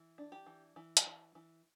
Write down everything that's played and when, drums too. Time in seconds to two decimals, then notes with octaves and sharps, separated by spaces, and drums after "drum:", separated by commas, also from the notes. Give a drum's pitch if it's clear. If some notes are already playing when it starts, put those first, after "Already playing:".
Already playing: E3
0.18 D4
0.32 G4
0.46 E3
0.76 E3
0.97 drum: hi-hat
1.06 E3
1.35 E3